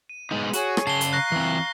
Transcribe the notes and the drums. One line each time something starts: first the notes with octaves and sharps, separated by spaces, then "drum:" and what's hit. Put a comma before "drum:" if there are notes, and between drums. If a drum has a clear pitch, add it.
D#7
G#3 B3 D#4
F#4 G#4 C#5 C#6, drum: hi-hat
drum: rim click
C#3 A5 C7 G7
drum: hi-hat
F5 A#5 C#6 F#6 A#6
E3 C4